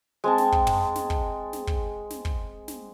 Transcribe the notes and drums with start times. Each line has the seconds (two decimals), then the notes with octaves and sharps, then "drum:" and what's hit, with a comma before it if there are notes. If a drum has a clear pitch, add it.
0.24 G#3 C4 A5
0.38 drum: snare
0.52 drum: kick
0.67 drum: tom
0.95 drum: snare
1.10 drum: kick
1.53 drum: snare
1.67 drum: kick
2.10 drum: snare
2.25 drum: kick
2.68 drum: snare